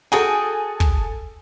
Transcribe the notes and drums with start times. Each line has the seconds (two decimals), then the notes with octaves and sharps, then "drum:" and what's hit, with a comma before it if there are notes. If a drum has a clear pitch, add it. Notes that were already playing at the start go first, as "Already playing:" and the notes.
0.12 F#4 G#4 A4 G5 G#5
0.80 drum: kick